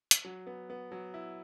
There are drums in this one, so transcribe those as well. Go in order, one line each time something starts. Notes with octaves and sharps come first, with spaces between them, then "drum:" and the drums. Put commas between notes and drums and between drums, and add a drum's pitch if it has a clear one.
drum: hi-hat
F#3
B3
B3
F#3
E4